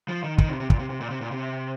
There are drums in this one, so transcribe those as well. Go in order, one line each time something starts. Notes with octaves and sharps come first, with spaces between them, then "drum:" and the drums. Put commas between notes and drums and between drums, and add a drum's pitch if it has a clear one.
F3
D#3
D#3, drum: kick
C3
C3
A#2, drum: kick
C3
C3
A#2
C3
A#2
C3